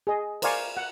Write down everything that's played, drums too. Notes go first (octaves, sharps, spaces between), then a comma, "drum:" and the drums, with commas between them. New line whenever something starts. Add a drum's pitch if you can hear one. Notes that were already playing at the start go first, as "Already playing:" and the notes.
G#4 D#5
A#4 C5 D5 F5 G#5 C#6, drum: cymbal
F#5